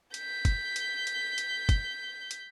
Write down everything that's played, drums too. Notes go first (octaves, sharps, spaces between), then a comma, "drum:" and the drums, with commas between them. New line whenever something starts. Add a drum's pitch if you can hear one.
G6 B6, drum: hi-hat
drum: kick, hi-hat
drum: hi-hat
drum: hi-hat
drum: hi-hat
drum: kick, hi-hat
drum: hi-hat